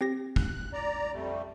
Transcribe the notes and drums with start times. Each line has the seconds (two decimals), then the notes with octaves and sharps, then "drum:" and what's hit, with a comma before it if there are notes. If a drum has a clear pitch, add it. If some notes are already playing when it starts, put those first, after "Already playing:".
0.01 C4 G4 A#6
0.36 F#6, drum: kick
0.73 D5 A#5
1.13 F2 G3 A3